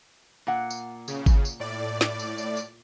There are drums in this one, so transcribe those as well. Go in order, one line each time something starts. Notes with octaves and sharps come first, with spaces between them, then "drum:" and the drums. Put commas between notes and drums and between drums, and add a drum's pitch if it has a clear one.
A#2 F#5
drum: tambourine
C#3, drum: tambourine
drum: kick G#1, tambourine
drum: tambourine
A2 D5
drum: snare
drum: tambourine
drum: tambourine
drum: tambourine